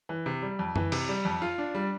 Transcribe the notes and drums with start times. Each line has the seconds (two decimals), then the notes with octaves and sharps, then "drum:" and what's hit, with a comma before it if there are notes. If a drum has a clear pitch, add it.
0.09 E3
0.26 C3
0.42 G3
0.59 F2
0.76 E3, drum: tom F#2
0.92 C3, drum: cymbal
1.09 G3
1.25 F2
1.42 F4
1.58 D4
1.75 G3